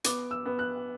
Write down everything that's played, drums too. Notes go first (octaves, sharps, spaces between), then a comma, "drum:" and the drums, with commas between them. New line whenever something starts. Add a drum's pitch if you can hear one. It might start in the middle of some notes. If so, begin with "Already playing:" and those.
B3 D6, drum: hi-hat
E6
B3
F#6